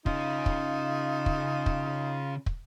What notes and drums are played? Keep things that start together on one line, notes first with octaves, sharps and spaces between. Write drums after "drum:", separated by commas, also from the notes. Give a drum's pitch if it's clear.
C#3 C#4 D#4 F4, drum: kick
drum: kick
drum: kick
drum: kick
drum: kick